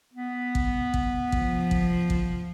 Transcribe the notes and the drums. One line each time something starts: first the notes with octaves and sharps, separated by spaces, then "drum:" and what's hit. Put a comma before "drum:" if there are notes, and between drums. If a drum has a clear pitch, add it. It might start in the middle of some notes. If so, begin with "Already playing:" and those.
B3
drum: kick
drum: kick
F3, drum: kick
drum: kick
drum: kick